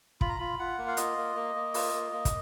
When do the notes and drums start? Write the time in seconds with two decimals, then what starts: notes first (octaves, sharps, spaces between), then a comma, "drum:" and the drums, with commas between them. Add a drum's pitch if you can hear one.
0.21 F4 B5, drum: kick
0.29 A#5
0.38 F4 B5
0.59 F4 F#5
0.78 A#3
0.88 F5
0.97 F4 D#5, drum: hi-hat
1.17 A#3
1.36 A#3
1.55 A#3
1.74 F4, drum: open hi-hat
1.93 A#3
2.12 A#3
2.25 drum: kick, hi-hat